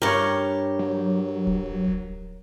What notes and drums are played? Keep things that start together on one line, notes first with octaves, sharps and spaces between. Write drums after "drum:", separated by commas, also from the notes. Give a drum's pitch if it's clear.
G2 G4 A#4 C#5
F#3
drum: kick D1
drum: kick D1